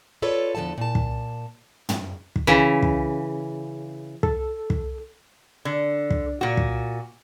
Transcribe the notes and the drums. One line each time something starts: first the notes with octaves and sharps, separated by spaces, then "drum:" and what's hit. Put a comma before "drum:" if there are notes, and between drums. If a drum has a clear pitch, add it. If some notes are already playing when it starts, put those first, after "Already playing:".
F4 A4 B4 C#5 D5
E2 D3 F3 A4 A5
A#2 A5
drum: kick
drum: tom
drum: kick
C#3 E3
drum: kick
A4, drum: kick
drum: kick
D3
drum: kick
A#2 F#4
drum: kick